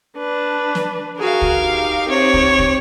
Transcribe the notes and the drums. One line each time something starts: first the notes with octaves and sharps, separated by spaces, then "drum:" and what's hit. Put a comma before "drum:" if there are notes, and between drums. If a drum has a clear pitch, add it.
D4 B4
drum: snare
F#4 G#4 A#4 F5
drum: kick
D#4 G4
C4 C#5
drum: kick
drum: kick